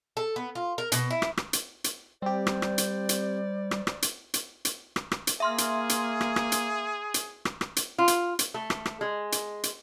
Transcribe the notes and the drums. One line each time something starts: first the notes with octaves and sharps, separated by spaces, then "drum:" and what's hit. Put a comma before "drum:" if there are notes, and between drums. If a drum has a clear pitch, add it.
A4
B3
F4
A#4
B2, drum: hi-hat
E4
drum: rim click
drum: rim click
drum: hi-hat
drum: hi-hat
G3 C4 G4 C5 D5
drum: rim click
drum: rim click
drum: hi-hat
drum: hi-hat
drum: rim click
drum: rim click
drum: hi-hat
drum: hi-hat
drum: hi-hat
drum: rim click
drum: rim click
drum: hi-hat
A#3 G#4 E5 C6 F6
drum: hi-hat
drum: hi-hat
drum: rim click
drum: rim click
drum: hi-hat
drum: hi-hat
drum: rim click
drum: rim click
drum: hi-hat
F4
drum: hi-hat
drum: hi-hat
A3
drum: rim click
drum: rim click
G#3
drum: hi-hat
drum: hi-hat